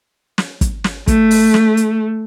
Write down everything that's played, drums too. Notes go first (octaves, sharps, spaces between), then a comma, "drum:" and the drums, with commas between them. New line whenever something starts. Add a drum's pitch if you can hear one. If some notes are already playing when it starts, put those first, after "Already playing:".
drum: snare
drum: kick, hi-hat
drum: snare
A3, drum: kick, hi-hat
drum: open hi-hat
drum: snare
drum: hi-hat